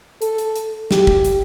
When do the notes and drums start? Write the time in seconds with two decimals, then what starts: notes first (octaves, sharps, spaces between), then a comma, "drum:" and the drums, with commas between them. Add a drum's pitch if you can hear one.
0.22 A4, drum: hi-hat
0.38 drum: hi-hat
0.56 drum: hi-hat
0.91 G4, drum: snare
1.07 drum: kick
1.25 drum: hi-hat